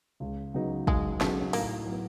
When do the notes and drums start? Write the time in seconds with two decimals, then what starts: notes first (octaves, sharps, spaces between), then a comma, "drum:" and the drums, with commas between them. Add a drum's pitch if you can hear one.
0.20 C#2
0.54 C#3 F#3 B3 D#4
0.87 C#2 G#3, drum: kick
1.21 C#3 F#3 A3 B3 D#4, drum: snare
1.53 A2 A#3, drum: open hi-hat
1.86 F#3 B3